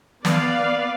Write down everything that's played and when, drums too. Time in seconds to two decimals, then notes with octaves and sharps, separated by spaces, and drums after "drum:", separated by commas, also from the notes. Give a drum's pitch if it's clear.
0.25 B3 B4 D5 F5, drum: snare